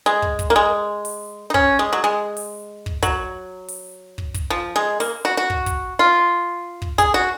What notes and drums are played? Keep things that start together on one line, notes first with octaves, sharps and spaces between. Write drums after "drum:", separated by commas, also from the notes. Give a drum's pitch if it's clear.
G#3
drum: kick
drum: kick, hi-hat
A#3
G#3
drum: open hi-hat
D#4
C#4, drum: kick
G#3
F#3
G#3
drum: open hi-hat
drum: kick
F#3, drum: kick, hi-hat
drum: open hi-hat
drum: kick
drum: kick, hi-hat
F3
G#3
A#3, drum: open hi-hat
F#4
F#4
drum: kick
drum: kick, hi-hat
F4
drum: kick
G#4, drum: kick, hi-hat
F#4